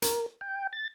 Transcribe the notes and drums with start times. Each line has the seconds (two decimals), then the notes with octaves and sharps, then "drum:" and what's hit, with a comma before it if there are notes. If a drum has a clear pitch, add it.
0.02 A#4, drum: hi-hat
0.41 G5
0.73 A6